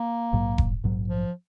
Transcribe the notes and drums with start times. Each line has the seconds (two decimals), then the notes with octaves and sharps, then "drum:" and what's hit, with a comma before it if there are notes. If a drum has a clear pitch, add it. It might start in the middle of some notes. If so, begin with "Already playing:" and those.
Already playing: A#3
0.33 A#1 G#2 F#3
0.58 drum: kick E1
0.84 A#1 G#2 F#3
1.08 F3